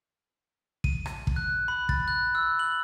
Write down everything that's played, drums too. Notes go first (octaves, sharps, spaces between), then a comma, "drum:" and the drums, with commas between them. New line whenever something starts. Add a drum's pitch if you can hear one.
D#7, drum: kick
drum: rim click
drum: kick
F#6
B5
A6, drum: kick
F#6
E6
F#7